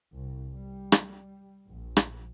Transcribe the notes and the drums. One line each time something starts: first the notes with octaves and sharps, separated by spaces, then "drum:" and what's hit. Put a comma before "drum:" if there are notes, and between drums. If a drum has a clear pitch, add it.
C2
G3
drum: rim click
A#1
drum: rim click